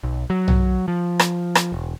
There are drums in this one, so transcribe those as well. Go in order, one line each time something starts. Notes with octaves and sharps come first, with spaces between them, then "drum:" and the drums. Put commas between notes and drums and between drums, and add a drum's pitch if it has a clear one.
B1
F#3
drum: tom
F3
drum: rim click
drum: rim click
E1